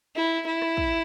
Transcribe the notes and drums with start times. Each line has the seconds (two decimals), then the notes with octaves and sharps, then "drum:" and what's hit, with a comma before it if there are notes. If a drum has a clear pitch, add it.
0.15 E4
0.46 E4
0.62 drum: rim click
0.77 drum: kick